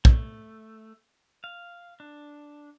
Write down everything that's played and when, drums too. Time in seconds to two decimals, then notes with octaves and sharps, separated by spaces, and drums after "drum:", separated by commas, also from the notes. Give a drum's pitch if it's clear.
0.05 A3, drum: kick
1.44 F5
2.00 D4